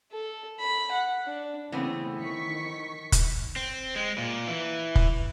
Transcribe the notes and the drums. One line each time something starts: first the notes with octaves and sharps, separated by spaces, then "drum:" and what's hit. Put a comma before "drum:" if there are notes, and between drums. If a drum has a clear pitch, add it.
A4
B5
F#5
D4
C#3 E3 A3 B3 C4
D#3 C#6 B6
drum: kick, hi-hat
C4
G#3
A#2
E3
drum: kick